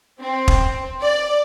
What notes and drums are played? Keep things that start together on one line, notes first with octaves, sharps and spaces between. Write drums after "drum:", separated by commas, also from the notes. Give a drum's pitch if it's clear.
C4
drum: kick
D5